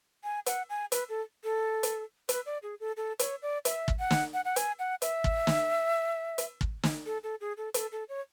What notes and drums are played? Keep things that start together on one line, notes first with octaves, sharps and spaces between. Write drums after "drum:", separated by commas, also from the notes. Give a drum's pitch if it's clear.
G#5
F#5, drum: hi-hat
G#5
B4, drum: hi-hat
A4
A4
drum: hi-hat
B4, drum: hi-hat
D5
G#4
A4
A4
C#5, drum: hi-hat
D5
E5, drum: hi-hat
drum: kick
F#5
drum: snare
F#5
F#5
G#5, drum: hi-hat
F#5
E5, drum: hi-hat
drum: kick
drum: snare
drum: hi-hat
drum: kick
drum: snare
A4
A4
G#4
A4
A4, drum: hi-hat
A4
C#5